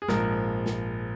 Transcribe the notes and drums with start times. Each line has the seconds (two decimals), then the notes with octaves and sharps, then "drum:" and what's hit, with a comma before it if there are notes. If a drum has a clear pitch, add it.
0.02 G#4
0.08 A#1 G#2 F3 A#4, drum: snare
0.66 drum: snare